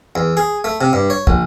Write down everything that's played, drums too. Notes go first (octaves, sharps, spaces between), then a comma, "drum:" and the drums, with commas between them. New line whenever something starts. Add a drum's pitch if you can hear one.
E2
G#4
A3
C3
G2
C#5
A#1, drum: kick